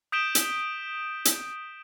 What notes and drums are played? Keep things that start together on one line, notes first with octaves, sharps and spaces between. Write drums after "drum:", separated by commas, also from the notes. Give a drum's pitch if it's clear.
D#6 G6 B6 D7 E7 G7
drum: hi-hat
drum: hi-hat